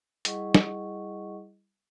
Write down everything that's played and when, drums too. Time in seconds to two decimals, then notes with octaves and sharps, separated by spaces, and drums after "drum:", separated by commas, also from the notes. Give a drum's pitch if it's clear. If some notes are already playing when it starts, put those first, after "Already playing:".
0.25 G3 E4 G#4 D#5 F#5 C#6, drum: hi-hat
0.55 drum: snare